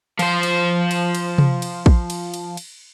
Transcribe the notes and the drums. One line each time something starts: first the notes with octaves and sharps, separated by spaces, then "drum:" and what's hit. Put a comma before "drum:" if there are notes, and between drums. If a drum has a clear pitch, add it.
F3 C5, drum: cymbal
drum: cymbal
drum: cymbal
drum: cymbal
drum: tom C3
drum: cymbal
drum: kick
drum: cymbal
drum: cymbal
drum: cymbal